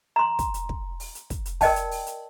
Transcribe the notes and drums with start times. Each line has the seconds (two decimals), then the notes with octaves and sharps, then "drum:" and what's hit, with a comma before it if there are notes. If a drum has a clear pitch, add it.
0.16 A#5 C6
0.39 drum: kick, hi-hat
0.54 drum: hi-hat
0.69 drum: kick
1.00 drum: open hi-hat
1.15 drum: hi-hat
1.30 drum: kick, hi-hat
1.46 drum: hi-hat
1.61 A#4 D5 D#5 G5 A5, drum: kick, open hi-hat
1.76 drum: hi-hat
1.91 drum: open hi-hat
2.07 drum: hi-hat